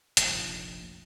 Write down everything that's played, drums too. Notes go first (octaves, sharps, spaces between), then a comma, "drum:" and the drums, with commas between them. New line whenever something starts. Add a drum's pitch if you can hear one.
F1 A#1 D#2 F3, drum: hi-hat